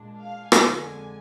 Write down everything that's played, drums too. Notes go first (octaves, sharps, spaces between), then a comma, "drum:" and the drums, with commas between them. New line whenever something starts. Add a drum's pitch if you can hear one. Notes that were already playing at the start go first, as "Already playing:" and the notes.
Already playing: A#2 G#3 D4
F5
F2 D3 G#3 G#5, drum: rim click